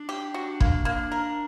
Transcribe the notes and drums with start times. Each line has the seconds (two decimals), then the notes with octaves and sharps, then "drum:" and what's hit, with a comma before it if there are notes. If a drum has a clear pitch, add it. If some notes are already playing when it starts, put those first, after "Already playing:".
Already playing: D4
0.09 G4
0.34 D4 F#4
0.61 A#3, drum: kick
0.85 A#3 D4
1.12 A#4